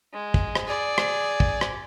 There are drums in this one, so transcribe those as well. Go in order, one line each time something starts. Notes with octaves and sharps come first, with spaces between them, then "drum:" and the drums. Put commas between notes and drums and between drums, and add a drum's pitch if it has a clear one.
G#3
drum: kick
drum: rim click
G#4 D5
drum: rim click
drum: kick
drum: rim click